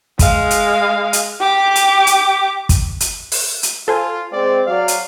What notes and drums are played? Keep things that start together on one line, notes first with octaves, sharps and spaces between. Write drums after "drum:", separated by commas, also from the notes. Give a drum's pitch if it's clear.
G#3 F5, drum: kick, hi-hat
drum: hi-hat
drum: hi-hat
G4 D6
drum: hi-hat
drum: hi-hat
drum: kick, hi-hat
drum: hi-hat
drum: open hi-hat
drum: hi-hat
F4 A4 C5 G#5
G#3 C4 D5
F#3 D5 F5
drum: hi-hat